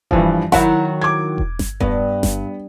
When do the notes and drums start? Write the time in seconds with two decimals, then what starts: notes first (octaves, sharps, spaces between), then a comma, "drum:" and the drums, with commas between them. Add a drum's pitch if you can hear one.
0.11 G2 E3 F3, drum: kick E1
0.52 D#3 F#3 E4 F#5, drum: snare G1
1.01 D6 G#6
1.38 drum: kick E1
1.59 drum: snare G1
1.80 G2 B3, drum: kick E1
2.23 drum: snare G1